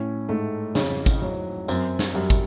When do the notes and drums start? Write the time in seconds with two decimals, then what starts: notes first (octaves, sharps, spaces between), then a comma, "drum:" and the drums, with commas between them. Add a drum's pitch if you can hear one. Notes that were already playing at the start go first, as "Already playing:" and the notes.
Already playing: A2 C#4
0.29 G#2 A3
0.75 F2 C#3, drum: snare
1.06 drum: kick, tambourine
1.22 F#3
1.68 F#2 C4, drum: tambourine
1.99 drum: snare
2.15 F#2 G3
2.30 drum: kick, tambourine